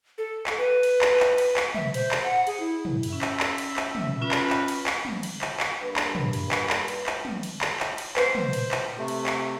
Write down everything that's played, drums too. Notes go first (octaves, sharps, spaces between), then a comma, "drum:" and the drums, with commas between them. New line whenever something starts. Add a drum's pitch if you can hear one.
A4
drum: clap
B4
drum: cymbal
drum: clap
drum: clap
drum: cymbal
drum: clap
E5, drum: tom
C5, drum: cymbal
drum: clap
F#5
G#4, drum: cymbal
E4
drum: tom
drum: cymbal
C#4 E5
drum: clap
drum: clap
drum: cymbal
drum: clap
drum: tom
C#4 F4 B4
drum: clap
drum: clap
drum: cymbal
drum: clap
drum: tom
drum: cymbal
drum: clap
drum: clap
G2 A#3 D4 B4
drum: clap
drum: tom
drum: cymbal
drum: clap
drum: clap
drum: cymbal
drum: clap
drum: tom
drum: cymbal
drum: clap
drum: clap
drum: cymbal
B4 C5 C7, drum: clap
drum: tom
drum: cymbal
drum: clap
C3 A3
drum: cymbal
drum: clap